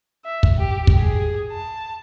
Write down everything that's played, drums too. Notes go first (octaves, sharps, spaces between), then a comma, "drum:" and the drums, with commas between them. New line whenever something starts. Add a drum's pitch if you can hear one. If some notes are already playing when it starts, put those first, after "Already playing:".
E5
drum: kick
G4
drum: kick
G#4
A5